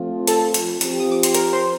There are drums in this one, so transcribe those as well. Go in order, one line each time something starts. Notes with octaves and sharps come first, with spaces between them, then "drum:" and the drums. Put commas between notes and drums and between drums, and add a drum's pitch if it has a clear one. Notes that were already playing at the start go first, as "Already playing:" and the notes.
Already playing: F3 A3 C4 F4
A4 A5, drum: hi-hat
drum: hi-hat
F3 C4 G4, drum: hi-hat
D#6
D6
C6, drum: hi-hat
A#4 A#5, drum: hi-hat
C5 C6